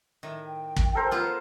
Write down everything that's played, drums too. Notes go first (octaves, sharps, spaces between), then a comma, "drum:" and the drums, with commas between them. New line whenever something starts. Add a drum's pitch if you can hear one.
A2 D#3
G5
drum: kick
A4 A#4 C5
B3 F4